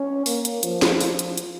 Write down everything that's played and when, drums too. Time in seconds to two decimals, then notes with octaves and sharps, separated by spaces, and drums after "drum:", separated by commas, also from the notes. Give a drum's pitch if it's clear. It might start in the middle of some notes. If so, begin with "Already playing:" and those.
Already playing: C#4
0.26 A#3, drum: open hi-hat
0.45 drum: hi-hat
0.63 F3, drum: hi-hat
0.82 drum: snare
1.01 drum: open hi-hat
1.19 drum: hi-hat
1.38 drum: hi-hat